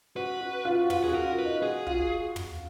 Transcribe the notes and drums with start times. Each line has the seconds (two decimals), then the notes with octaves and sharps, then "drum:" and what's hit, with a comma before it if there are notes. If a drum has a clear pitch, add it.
0.16 F#4 B4
0.41 F#4
0.65 F4
0.81 F#4
0.90 F4 B4, drum: tom
1.04 F#4 G#4
1.14 A#4
1.26 F4
1.38 B4
1.45 D#4
1.62 F#4 G#4
1.87 F4, drum: kick
2.36 drum: tom